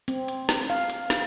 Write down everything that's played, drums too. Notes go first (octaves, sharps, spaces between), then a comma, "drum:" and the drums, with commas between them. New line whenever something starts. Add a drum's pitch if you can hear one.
C4, drum: hi-hat
drum: hi-hat
drum: snare
F5
drum: hi-hat
drum: snare